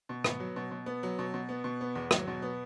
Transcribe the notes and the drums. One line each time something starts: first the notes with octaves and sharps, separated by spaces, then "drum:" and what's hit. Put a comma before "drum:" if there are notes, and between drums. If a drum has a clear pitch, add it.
B2
B3, drum: rim click
F#3
B2
B2
B3
F#3
B2
B2
B3
B2
B3
E2
F#3, drum: rim click
B2
B3